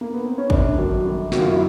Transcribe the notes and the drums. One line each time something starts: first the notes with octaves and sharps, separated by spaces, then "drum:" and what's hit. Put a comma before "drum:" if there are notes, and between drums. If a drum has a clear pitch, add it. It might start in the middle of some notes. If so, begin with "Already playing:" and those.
A#3
B3
C4
C#4
G1 D4, drum: kick
F#2 D#3 F#3
G1
F#2 D#3 F#3 F#4, drum: snare
F4
E4